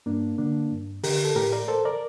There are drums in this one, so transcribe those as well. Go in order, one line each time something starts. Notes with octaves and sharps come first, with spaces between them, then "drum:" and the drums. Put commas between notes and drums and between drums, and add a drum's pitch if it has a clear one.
G2 A#3 D4
D3 A#3 D4
G2
D3 G4 A#4, drum: open hi-hat
A4
A2 G4 A#4
A#4 D5
A4 C5
A#4 D5